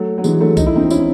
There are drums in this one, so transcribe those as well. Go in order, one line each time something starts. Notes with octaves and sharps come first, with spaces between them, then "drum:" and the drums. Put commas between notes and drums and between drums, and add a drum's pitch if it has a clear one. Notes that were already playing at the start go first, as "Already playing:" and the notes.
Already playing: F#3 A3
F#3
E3 G#3, drum: tambourine
F#3 A3
D#4, drum: kick B1, tambourine
E4
C4 D#4
C#4 E4, drum: tambourine